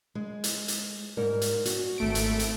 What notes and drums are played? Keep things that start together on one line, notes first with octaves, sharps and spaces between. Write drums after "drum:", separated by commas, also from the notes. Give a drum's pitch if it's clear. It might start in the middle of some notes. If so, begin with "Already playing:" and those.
G#3
drum: hi-hat
drum: hi-hat
G#2 G3 A#4
drum: hi-hat
F#4, drum: hi-hat
G#1 A3 D7
drum: hi-hat
drum: hi-hat